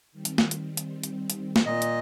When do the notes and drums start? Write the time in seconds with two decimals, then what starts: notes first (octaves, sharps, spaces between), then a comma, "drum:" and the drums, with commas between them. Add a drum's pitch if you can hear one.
0.12 D#3 G3 C4
0.25 drum: hi-hat
0.38 drum: snare
0.51 drum: hi-hat
0.77 drum: hi-hat
1.03 drum: hi-hat
1.30 drum: hi-hat
1.56 drum: snare
1.66 A#2 D#5
1.82 drum: hi-hat